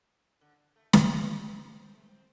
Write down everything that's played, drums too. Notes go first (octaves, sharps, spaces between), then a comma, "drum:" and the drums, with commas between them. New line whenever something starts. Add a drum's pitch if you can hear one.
D3
A3
drum: snare
A3
C4
A3
C4